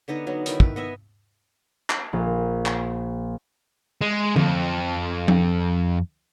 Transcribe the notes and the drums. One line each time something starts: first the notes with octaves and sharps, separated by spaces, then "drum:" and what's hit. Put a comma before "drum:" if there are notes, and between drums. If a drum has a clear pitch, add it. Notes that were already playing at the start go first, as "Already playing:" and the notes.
D3 B3 D#4 D#5
F#3 B3
D#3 E4, drum: hi-hat
B4, drum: kick
B3 D#5 E5 G#5
drum: clap
A#1
drum: clap
G#3
F2, drum: tom D3
drum: tom F3